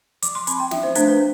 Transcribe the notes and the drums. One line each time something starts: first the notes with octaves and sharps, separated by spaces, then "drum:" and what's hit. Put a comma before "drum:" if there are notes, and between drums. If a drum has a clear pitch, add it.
F3 D6, drum: hi-hat
C6
C4 B5, drum: hi-hat
G5
F3 E5, drum: snare
C5
A3 D4 C5, drum: hi-hat
B4